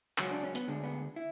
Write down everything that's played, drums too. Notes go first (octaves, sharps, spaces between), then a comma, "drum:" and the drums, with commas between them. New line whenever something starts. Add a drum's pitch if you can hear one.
C#2 C#3 F#3 C#4, drum: clap
D4
C#4
B3, drum: hi-hat
D2 D3 G#3
B3
E4